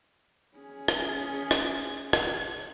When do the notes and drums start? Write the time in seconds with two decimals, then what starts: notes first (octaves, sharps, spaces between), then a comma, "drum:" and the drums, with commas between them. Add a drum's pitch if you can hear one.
0.57 C#4 G#4
0.88 drum: rim click
1.51 drum: rim click
2.13 drum: rim click